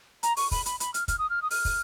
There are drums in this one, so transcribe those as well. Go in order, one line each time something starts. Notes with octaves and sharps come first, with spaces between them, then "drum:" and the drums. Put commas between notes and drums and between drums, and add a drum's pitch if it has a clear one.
A#5, drum: hi-hat
C#6, drum: open hi-hat
B5, drum: kick, open hi-hat
B5, drum: hi-hat
B5, drum: hi-hat
F6, drum: hi-hat
F6, drum: kick, hi-hat
D#6
F6
D#6
F6, drum: open hi-hat
drum: kick, open hi-hat